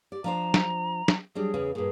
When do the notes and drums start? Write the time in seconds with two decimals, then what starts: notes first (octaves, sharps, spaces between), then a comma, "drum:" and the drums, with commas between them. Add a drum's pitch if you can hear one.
0.12 G4 D5
0.24 F3 D4 C5 A#5
0.54 drum: snare
1.08 drum: snare
1.35 F#3 G3 D4 G#4
1.54 E2 C#3 C#4
1.75 G2 A#2 G#4